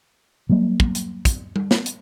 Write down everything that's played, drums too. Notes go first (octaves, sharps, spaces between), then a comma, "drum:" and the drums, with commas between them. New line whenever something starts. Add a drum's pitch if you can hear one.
F#3 G3 A#3
drum: kick
drum: hi-hat
drum: kick, hi-hat
drum: tom G3
drum: snare
drum: hi-hat